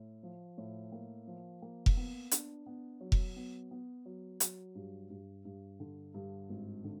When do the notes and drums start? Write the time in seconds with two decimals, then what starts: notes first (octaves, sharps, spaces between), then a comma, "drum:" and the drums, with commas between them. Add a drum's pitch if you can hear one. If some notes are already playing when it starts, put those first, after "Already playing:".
Already playing: A2
0.23 F3
0.58 A2
0.92 A#3
1.27 F3
1.62 A#3
1.86 drum: kick F1
1.97 B3
2.31 D4, drum: hi-hat
2.66 B3
3.01 F#3
3.12 drum: kick F1
3.36 B3
3.71 B3
4.06 F#3
4.40 F#3, drum: hi-hat
4.75 G2
5.10 G2
5.45 G2
5.80 D3
6.14 G2
6.50 G#1
6.84 D3